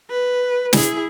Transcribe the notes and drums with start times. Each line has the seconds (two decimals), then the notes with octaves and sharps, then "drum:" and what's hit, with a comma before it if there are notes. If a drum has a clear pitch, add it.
0.10 B4
0.73 E4 G#4, drum: snare